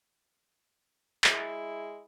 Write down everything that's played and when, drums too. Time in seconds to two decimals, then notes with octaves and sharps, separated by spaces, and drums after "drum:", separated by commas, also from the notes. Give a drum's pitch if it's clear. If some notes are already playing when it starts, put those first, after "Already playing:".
1.24 G#3 E4, drum: clap